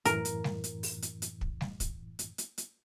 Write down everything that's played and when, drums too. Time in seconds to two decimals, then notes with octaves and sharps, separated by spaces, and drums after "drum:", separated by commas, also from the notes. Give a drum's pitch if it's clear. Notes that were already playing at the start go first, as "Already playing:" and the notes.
0.05 F#2 A2 E3 A#4, drum: hi-hat
0.25 drum: hi-hat
0.44 drum: snare G3
0.64 drum: hi-hat
0.83 drum: open hi-hat
1.02 drum: hi-hat
1.22 drum: hi-hat
1.41 drum: kick
1.61 drum: snare G3
1.80 drum: kick, hi-hat
2.19 drum: hi-hat
2.38 drum: hi-hat
2.58 drum: hi-hat